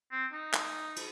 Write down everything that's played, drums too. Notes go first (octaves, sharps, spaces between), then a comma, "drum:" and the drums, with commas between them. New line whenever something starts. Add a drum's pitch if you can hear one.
C4
D#4
drum: clap
drum: cymbal